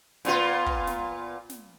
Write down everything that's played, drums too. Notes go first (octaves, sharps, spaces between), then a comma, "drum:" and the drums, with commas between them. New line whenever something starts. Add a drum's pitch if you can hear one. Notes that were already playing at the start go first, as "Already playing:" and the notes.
A#2 B3 F4, drum: snare
drum: kick
drum: snare
drum: snare